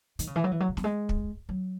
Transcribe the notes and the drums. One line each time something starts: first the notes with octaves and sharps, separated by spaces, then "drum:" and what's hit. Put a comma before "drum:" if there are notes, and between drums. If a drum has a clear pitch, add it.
D#3, drum: hi-hat
C#3
E3
F#3
E3
F#3
C#3
F#3, drum: snare
G#3
drum: kick
F#3